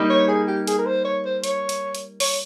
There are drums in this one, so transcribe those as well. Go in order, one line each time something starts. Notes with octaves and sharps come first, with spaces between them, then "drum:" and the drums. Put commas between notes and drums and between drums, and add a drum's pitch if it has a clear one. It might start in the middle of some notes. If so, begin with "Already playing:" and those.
Already playing: G3 A#3 D#4
C#5
G#4
G4
G#4, drum: hi-hat
A#4
C5
C#5
C5
C#5, drum: hi-hat
drum: hi-hat
drum: hi-hat
C#5, drum: open hi-hat